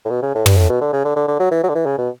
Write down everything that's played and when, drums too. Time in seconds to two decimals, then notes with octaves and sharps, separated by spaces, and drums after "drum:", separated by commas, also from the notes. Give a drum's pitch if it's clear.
0.05 A2
0.10 B2
0.22 C#3
0.35 A2
0.46 G2, drum: tom
0.57 A2
0.69 B2
0.81 D3
0.93 C#3
1.05 D3
1.16 D3
1.28 D3
1.39 F#3
1.51 E3
1.63 F#3
1.69 D3
1.75 E3
1.86 C#3
1.98 B2